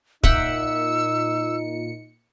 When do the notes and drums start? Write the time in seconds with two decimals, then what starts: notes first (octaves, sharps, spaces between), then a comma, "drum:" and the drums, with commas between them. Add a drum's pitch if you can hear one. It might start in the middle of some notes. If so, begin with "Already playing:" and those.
0.24 A#2 D#4 E5 F#5 G5 E6 C#7, drum: kick